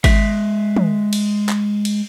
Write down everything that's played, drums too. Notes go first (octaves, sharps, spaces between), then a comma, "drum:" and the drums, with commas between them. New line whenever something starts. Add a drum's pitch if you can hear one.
G#3 E5, drum: kick G#1, cymbal
drum: tom
drum: cymbal
drum: clap
drum: cymbal